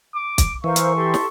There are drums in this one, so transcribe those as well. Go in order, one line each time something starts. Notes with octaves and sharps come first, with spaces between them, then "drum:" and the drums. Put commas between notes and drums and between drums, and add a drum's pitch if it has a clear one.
D6
drum: kick, hi-hat
E3 A#4 C5 F5 C#6
drum: hi-hat
G4 A4 C6
drum: snare